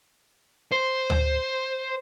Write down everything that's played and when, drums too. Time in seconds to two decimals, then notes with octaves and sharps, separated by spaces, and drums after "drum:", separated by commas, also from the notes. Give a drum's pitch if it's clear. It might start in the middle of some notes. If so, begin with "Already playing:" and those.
0.72 C5
1.10 drum: tom D2